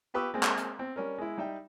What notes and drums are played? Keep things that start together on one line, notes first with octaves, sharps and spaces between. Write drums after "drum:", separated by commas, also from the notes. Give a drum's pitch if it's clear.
F4 G4 B4 C#6 D#6 E6
G#3 A#3 C4
drum: clap
drum: hi-hat
C4
G3 C#4 A#4
G#3 E4
G3 D#4 E5 G5